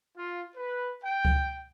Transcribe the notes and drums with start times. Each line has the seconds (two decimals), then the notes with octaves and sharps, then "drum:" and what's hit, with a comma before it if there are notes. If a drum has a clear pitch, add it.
0.17 F4
0.56 B4
1.03 G5
1.25 drum: kick C#2